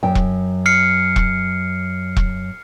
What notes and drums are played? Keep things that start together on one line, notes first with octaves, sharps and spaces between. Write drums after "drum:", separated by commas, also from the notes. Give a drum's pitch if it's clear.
F#2 G5
drum: kick E1
F6 C7 C#7
drum: kick E1
drum: kick E1